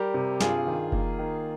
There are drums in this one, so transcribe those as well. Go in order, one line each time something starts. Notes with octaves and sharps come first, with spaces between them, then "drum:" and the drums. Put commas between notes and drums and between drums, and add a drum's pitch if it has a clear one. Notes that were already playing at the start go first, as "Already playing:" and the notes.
Already playing: G3 G4 A#4
C3
G2 F4 G#4, drum: snare
D#3
A#3, drum: kick F#1
D#3